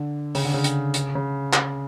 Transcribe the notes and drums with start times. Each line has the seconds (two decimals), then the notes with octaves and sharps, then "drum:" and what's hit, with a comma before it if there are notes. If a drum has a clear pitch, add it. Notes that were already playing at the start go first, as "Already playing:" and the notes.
Already playing: D3
0.35 C#3, drum: open hi-hat
0.44 D3
0.54 C#3
0.64 drum: hi-hat
0.94 drum: hi-hat
1.15 C#3
1.53 drum: clap